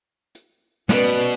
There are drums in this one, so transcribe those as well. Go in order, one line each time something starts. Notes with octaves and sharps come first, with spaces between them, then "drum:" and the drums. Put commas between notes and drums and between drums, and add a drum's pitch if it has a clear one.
drum: hi-hat
B2 C#4 B4 D5, drum: snare